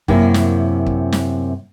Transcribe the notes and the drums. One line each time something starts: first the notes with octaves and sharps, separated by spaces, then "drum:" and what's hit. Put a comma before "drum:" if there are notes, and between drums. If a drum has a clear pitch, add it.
F#2 C3 A#3 E4, drum: kick
drum: snare
drum: kick
drum: snare